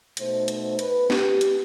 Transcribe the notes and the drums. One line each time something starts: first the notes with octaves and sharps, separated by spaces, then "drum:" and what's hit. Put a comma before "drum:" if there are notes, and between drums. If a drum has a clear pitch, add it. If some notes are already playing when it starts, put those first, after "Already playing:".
B2 A3 D#4 C5, drum: hi-hat
C5, drum: hi-hat
B4, drum: hi-hat
G4, drum: snare
drum: hi-hat